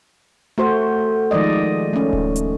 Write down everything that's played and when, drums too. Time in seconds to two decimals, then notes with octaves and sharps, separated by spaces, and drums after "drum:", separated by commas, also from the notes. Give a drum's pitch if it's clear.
0.58 A3 F#4 C5
1.31 D#3 F3 G#3 D5 D#5
1.93 A3 C#4
2.13 drum: kick D1
2.36 drum: hi-hat